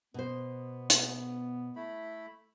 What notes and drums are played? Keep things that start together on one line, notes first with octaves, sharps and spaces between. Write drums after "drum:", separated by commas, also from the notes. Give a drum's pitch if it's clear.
B2 B3 C5
drum: hi-hat
A3 E4 B5